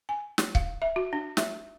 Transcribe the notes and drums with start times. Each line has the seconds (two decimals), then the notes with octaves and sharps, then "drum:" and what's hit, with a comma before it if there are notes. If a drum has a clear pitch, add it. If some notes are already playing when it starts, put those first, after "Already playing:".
0.09 G#5
0.38 drum: snare
0.55 F5, drum: kick C#1
0.82 E5
0.96 F#4
1.13 D4
1.37 E5, drum: snare